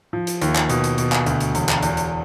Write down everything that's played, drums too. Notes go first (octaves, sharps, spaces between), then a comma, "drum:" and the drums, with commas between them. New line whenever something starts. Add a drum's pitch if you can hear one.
F3
drum: hi-hat
D#2, drum: hi-hat
drum: clap
B2, drum: hi-hat
drum: hi-hat
B2, drum: hi-hat
drum: clap
D2, drum: hi-hat
drum: hi-hat
E1, drum: hi-hat
drum: clap
E2, drum: hi-hat
drum: hi-hat